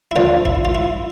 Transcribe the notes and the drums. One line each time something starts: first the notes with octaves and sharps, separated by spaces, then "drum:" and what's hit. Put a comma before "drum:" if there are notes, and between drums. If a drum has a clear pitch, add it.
E4
D2 D3 F3 F4
E4, drum: kick
F4
E4